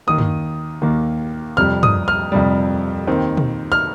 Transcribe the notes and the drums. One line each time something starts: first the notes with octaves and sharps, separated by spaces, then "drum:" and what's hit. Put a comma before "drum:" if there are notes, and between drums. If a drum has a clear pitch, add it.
D#2 D#3 A#3 D#6
drum: tom
D#2 D#3 A#3
F2 C3 G3 F6
D#6, drum: tom
F6
F2 C3 G3
D#2 D#3 C4
drum: tom
F6